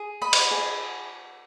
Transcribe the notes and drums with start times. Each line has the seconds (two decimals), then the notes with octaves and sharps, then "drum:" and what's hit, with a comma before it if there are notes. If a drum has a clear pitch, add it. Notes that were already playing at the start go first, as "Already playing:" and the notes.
Already playing: G#4
0.22 D#5 B5
0.33 drum: cymbal
0.51 G#4